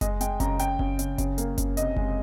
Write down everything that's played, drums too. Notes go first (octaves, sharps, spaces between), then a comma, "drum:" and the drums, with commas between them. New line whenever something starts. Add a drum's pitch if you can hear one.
G#3 D#5, drum: kick F#1, hi-hat
G#3 G5, drum: hi-hat
C#3 A#5, drum: kick F#1, hi-hat
C#3 G5, drum: hi-hat
C#3, drum: kick F#1
C#3, drum: hi-hat
C#3, drum: kick F#1, hi-hat
A#3, drum: hi-hat
C#3, drum: kick F#1, hi-hat
C3 D#5, drum: hi-hat
G#3, drum: kick F#1